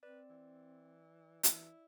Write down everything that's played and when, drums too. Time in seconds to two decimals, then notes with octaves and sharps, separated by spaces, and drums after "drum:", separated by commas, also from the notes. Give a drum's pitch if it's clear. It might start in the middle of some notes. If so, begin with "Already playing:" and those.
0.03 C4 B4 D5
0.30 E3
1.43 E3 E4, drum: hi-hat